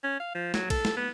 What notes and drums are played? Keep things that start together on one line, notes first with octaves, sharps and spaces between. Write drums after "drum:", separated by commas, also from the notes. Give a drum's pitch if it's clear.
C#4
F5
F3
F#3, drum: snare
A4, drum: kick A#1, cymbal
drum: snare
B3